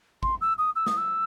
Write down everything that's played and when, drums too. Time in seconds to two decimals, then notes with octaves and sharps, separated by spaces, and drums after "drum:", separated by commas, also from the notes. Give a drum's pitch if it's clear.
0.23 C6, drum: kick G#1
0.41 E6
0.58 D#6
0.76 E6
0.87 D#6, drum: snare
0.97 E6